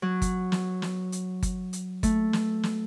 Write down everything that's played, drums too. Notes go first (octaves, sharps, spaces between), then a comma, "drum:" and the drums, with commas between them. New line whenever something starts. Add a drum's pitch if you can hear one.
F#3
drum: kick G1, hi-hat
drum: snare
drum: snare
drum: hi-hat
drum: kick G1, hi-hat
drum: hi-hat
A3, drum: kick G1, hi-hat
drum: snare
drum: snare